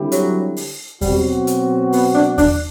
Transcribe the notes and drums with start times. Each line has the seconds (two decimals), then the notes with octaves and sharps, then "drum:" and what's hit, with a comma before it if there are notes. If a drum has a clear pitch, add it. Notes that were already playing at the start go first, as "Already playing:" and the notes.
Already playing: D3 G3 C4 E4 G4
0.12 F#3, drum: hi-hat
0.57 drum: open hi-hat
1.01 B2 F#3 G3 C4 F#4, drum: kick E2, open hi-hat
1.47 drum: hi-hat
1.92 B3, drum: open hi-hat
2.15 D4
2.38 D4, drum: kick E2, open hi-hat